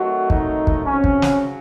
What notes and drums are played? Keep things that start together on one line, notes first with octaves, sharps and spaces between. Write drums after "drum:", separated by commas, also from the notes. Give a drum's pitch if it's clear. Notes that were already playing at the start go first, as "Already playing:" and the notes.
Already playing: D#3 F#3 A3 C4 F#4
D#4, drum: kick
drum: kick
C#3 F#3 C4 C#4
drum: kick
drum: snare